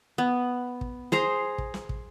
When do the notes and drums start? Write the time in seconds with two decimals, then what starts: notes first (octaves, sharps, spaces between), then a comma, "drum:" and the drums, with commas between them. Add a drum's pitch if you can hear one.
0.18 B3
0.81 drum: kick
1.12 G#4 C5 A#5, drum: snare
1.58 drum: kick
1.74 drum: snare
1.89 drum: kick